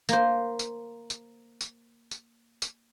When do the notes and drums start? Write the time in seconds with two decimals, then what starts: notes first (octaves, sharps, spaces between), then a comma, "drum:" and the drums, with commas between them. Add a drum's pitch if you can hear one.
0.09 A#3 C5, drum: tambourine
0.59 drum: tambourine
1.10 drum: tambourine
1.61 drum: tambourine
2.11 drum: tambourine
2.62 drum: tambourine